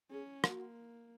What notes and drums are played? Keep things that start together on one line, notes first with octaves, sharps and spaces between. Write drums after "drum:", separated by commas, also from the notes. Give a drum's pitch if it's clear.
C#4 G#4
A#3 F#4, drum: rim click